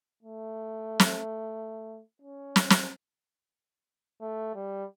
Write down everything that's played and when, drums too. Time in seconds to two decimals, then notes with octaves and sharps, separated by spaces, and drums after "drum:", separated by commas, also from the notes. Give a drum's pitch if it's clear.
0.23 A3
1.00 drum: snare
2.22 C#4
2.56 drum: snare
2.70 drum: snare
4.21 A3
4.55 G3